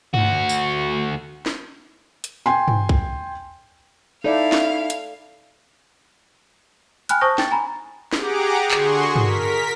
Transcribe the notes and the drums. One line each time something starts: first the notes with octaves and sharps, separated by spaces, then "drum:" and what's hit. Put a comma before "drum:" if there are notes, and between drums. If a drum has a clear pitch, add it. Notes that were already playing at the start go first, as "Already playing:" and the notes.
D2 F#4, drum: tom G2
drum: tambourine
drum: snare
drum: hi-hat
G5 G#5 C6
drum: tom G2
drum: kick
D#4 E4 A4 D5 F5
drum: snare
drum: hi-hat
G5 G#5 B5 F6 F#6, drum: hi-hat
C5 A5 C#6 D#6 G6 A#6
G5 A6, drum: snare
G#5 A#5 B5
G4 G#4 F#5 A#5 D6, drum: snare
D3 F#4 G#4 C6 C#6, drum: clap
A#4 B6, drum: tom G2